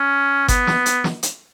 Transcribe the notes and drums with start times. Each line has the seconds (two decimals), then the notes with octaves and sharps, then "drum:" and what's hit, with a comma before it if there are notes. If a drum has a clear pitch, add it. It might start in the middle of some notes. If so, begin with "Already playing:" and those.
Already playing: C#4
0.48 B3, drum: kick G1, hi-hat
0.67 drum: snare
0.86 drum: hi-hat
1.04 drum: snare
1.23 drum: hi-hat